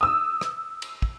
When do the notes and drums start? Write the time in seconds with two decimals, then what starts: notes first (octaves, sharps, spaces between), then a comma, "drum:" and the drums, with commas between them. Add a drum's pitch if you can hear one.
0.01 D#6 E6
0.41 drum: rim click
0.82 drum: cymbal
1.02 drum: kick